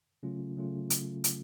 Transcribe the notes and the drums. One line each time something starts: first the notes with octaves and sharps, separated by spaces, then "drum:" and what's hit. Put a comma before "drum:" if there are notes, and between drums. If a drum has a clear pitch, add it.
C#3 F#3 A3 C#4 F4
C#3 F#3 A3 C#4 F4
drum: hi-hat
drum: hi-hat